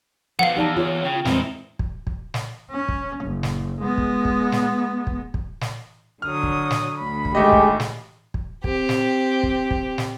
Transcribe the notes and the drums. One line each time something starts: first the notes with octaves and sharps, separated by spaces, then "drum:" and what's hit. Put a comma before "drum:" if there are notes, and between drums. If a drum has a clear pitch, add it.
F3 F#3 B3 F5 F#5
E2 D#4 G4 D5 A5
F4 G#4 C#5
C#3 G5
E2 G#3 C4 E4 A#4, drum: snare
drum: kick
drum: kick
drum: snare
C#4
drum: kick
F#1
drum: snare
G#3 B3
drum: kick
drum: kick
drum: snare
drum: kick
drum: kick
drum: snare
D3 F#3 D#6 F6
drum: kick
drum: snare
D2 B5
drum: kick
G#1 G#3 A3 G4 D#5
drum: kick
drum: snare
drum: kick
C4 G4, drum: kick
drum: snare
drum: kick
drum: kick
drum: snare